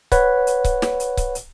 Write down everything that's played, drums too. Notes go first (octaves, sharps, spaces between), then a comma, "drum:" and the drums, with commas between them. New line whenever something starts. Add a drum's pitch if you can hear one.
B4 C#5 F#5, drum: kick C#1, hi-hat
drum: hi-hat
drum: kick C#1, hi-hat
drum: snare
drum: hi-hat
drum: kick C#1, hi-hat
drum: hi-hat